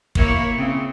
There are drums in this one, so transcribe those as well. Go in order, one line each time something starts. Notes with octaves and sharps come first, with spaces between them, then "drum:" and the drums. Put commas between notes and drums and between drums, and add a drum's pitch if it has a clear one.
A#3 E4 C#5, drum: kick
C#3 C4